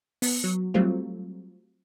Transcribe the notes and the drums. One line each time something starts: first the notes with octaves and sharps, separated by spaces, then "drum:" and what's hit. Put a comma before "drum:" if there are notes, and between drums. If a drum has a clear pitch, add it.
B3, drum: open hi-hat
F#3
F#3 G3 A3 C4 F4